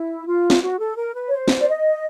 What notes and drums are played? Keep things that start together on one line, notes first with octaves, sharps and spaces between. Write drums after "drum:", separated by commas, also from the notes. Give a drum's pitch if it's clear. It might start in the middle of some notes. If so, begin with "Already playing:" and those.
Already playing: E4
F4
drum: snare
F#4
A4
A#4
B4
C#5
C5
drum: snare
D5
D#5